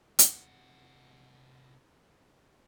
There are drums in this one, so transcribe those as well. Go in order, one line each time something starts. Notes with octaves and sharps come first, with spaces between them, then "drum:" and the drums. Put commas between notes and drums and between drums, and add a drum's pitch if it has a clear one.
C3 F#5, drum: hi-hat